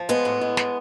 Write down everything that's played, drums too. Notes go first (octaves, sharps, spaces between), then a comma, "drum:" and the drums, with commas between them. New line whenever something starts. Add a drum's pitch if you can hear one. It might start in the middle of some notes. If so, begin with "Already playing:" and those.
Already playing: F3
G#3 B3, drum: hi-hat
A2
G#3
A2, drum: snare